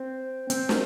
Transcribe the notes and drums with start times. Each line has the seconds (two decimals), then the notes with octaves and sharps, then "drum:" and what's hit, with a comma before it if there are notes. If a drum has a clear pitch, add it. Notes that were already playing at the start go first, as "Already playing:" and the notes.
Already playing: C4
0.50 C4, drum: hi-hat
0.69 drum: snare